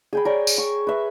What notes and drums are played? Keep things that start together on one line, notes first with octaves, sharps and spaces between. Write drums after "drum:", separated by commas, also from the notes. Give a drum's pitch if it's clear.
G#4 G5 B5
A#4 C#5 D5
drum: tambourine
C#6
B4 E5